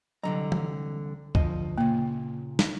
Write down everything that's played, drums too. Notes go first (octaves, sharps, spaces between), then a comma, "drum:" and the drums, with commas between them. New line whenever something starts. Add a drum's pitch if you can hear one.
C2 D3 F#3 A#5
drum: tom E3
D2 F3 D#5, drum: kick C#2
A#2 C#3 A#3
drum: snare